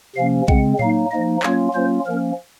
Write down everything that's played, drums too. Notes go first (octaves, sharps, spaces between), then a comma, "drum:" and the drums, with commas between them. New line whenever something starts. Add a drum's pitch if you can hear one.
C3 F3 A#3 C#4 F5
C#3 G#3 C4 F#5, drum: kick B1
F#3 A#3 D#4 F5, drum: tom A2
F3 A#3 D#4 D#5
F#3 A#3 C#4 F4 C#5, drum: clap
F#3 A#3 C#4 F4 C5
F3 A#3 C#4 A#4